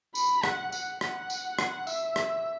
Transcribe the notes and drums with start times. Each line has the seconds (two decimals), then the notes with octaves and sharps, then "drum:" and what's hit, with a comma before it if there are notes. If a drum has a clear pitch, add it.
0.15 B5, drum: tambourine
0.43 F#5, drum: rim click
0.72 F#5, drum: tambourine
1.01 F#5, drum: rim click
1.30 drum: tambourine
1.59 drum: rim click
1.87 E5, drum: tambourine
2.16 drum: rim click